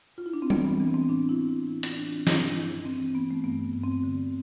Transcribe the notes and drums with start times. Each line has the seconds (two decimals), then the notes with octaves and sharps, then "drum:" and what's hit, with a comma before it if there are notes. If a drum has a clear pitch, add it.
0.18 F4
0.26 E4
0.33 D4
0.42 C4
0.50 E3 B3, drum: tom G3
0.65 B3
0.80 E3 C4
0.94 C4
1.08 A2 D4
1.29 E4
1.39 A2
1.49 E4
1.67 E3 E4
1.83 F4, drum: hi-hat
1.98 E3 D4
2.13 C4
2.27 G2 D4, drum: snare
2.56 G2 E4
2.85 E3 C4
3.00 C4
3.15 E3 B3
3.31 A3
3.44 G2 B3
3.75 G2
3.83 C4
4.04 D3